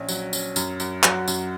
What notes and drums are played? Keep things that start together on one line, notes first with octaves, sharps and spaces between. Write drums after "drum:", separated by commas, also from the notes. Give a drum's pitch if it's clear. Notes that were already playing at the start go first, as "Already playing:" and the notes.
Already playing: A#1 C#4
F#3, drum: tambourine
C#4, drum: tambourine
F#2, drum: tambourine
F#2, drum: tambourine
F#3 F#4, drum: clap
F#2, drum: tambourine